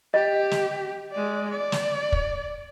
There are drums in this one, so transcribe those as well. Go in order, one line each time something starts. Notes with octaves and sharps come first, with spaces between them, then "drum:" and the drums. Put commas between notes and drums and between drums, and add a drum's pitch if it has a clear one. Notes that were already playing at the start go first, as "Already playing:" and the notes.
G4 D#5
drum: snare
G#3 D5
D5
drum: snare
drum: kick